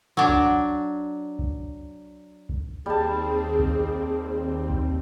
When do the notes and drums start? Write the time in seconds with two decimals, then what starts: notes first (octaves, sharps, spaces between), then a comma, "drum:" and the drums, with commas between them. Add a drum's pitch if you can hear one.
0.17 F#3 D4
0.29 drum: kick C2
1.39 drum: kick C2
2.49 drum: kick C2
2.86 D#2 G3 C4 G#4 A5
3.59 drum: kick C2
4.70 drum: kick C2